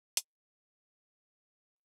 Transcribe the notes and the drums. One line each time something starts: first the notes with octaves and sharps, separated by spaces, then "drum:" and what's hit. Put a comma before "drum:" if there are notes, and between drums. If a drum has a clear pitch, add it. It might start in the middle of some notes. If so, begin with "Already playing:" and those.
D#3, drum: hi-hat
F#3